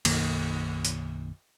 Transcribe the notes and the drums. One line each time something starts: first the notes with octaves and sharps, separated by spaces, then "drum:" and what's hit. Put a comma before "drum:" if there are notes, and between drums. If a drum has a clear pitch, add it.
B1 F#2 D#3 A#3, drum: cymbal
drum: hi-hat